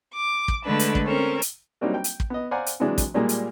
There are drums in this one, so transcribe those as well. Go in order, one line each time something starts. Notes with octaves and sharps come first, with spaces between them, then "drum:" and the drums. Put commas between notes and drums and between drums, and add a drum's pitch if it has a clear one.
D6
drum: kick
D3 G#3 A3 D4 B4
drum: hi-hat
drum: kick
C4 C#4 A4 A#4
drum: hi-hat
F#3 G3 A#3 C4 D4 D#4
G5
drum: hi-hat
drum: kick
B3 D#5
C5 D5 F5 F#5 G#5 A#5
drum: hi-hat
C3 E3 F#3 G#3 D4
drum: kick, hi-hat
A#2 G3 G#3 A#3
drum: hi-hat